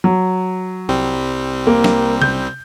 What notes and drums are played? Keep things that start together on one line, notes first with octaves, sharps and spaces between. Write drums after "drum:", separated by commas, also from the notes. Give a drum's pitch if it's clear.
F#3
C2 G3 C4
A#3
drum: snare
G6, drum: tom C3